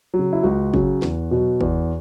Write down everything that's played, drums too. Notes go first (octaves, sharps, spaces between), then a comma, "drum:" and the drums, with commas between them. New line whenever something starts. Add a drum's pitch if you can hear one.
F#3
C#3
E4
C#2 F#4
C#3 F#3, drum: kick G1
E2, drum: snare
B2 F#3
E2, drum: kick G1